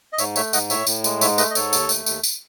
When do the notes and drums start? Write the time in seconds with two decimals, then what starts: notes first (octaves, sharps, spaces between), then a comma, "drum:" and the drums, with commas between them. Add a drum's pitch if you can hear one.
0.13 D#5
0.18 G#2 C#5 E5, drum: tambourine
0.36 A3 C#5 E5, drum: tambourine
0.53 G#2 D#5 F#5, drum: tambourine
0.70 A2 C#5 E5, drum: tambourine
0.87 A2, drum: tambourine
1.04 G#3, drum: tambourine
1.21 G#2 C#5 E5, drum: tambourine
1.38 A3 B4 D#5, drum: tambourine
1.51 D#5
1.55 G#2 A4 C#5, drum: tambourine
1.73 D#2, drum: tambourine
1.89 A3, drum: tambourine
2.06 D#2, drum: tambourine
2.23 drum: tambourine